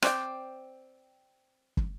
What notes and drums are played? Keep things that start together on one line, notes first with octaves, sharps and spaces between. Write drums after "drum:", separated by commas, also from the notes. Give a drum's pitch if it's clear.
C4 D5 G5, drum: rim click
drum: kick